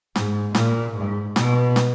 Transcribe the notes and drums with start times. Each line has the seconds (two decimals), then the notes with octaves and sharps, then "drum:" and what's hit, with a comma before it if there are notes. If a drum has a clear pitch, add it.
0.16 G#2, drum: snare
0.55 A#2, drum: snare
0.95 G#2
1.36 B2, drum: snare
1.76 drum: snare